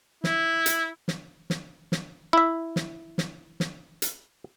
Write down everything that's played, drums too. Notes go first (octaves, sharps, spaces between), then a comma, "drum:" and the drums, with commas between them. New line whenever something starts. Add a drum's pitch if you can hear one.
E4, drum: snare
drum: hi-hat
drum: snare
drum: snare
drum: snare
E4 E5
drum: snare
drum: snare
drum: snare
drum: hi-hat